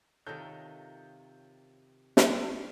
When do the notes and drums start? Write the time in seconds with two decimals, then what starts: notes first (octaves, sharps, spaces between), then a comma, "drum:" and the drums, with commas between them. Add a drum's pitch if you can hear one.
0.27 C3 D#3 F4 A4 A#4 C#5 D#5 G6
2.17 drum: snare